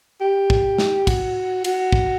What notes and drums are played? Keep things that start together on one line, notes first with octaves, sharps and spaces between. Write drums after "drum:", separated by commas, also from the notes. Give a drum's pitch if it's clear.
G4
drum: kick
drum: snare
F#4, drum: kick, cymbal
F#4, drum: cymbal
drum: kick